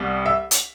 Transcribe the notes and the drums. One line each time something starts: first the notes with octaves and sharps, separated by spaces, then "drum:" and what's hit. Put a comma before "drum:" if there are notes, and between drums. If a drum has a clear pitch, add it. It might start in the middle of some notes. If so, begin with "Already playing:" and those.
Already playing: C2 G3 B3
E5
drum: hi-hat